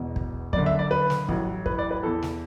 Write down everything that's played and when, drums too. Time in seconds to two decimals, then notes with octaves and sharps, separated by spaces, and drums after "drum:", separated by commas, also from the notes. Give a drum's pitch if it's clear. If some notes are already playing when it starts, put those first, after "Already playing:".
Already playing: E1 E2 B2
0.16 drum: kick
0.53 F#1 F#2 D3 D5, drum: kick
0.66 E5
0.79 D5
0.91 B4
1.10 drum: snare
1.29 A1 A2 F#3, drum: kick
1.66 B4, drum: kick
1.79 D5
1.91 B4
2.03 E2 E3 A4
2.22 drum: snare